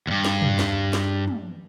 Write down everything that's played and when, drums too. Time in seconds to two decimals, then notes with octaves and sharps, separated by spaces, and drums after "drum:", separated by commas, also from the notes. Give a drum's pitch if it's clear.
0.07 D2 G2
0.24 drum: snare
0.42 drum: tom
0.59 drum: snare
0.93 drum: snare
1.28 drum: tom